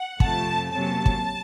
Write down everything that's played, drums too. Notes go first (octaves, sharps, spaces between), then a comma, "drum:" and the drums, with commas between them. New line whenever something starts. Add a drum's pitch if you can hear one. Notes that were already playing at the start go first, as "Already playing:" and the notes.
Already playing: F#5
F2 C3 F3 A3 A5, drum: kick
C3 F#3 A#3 C#4 A5
drum: kick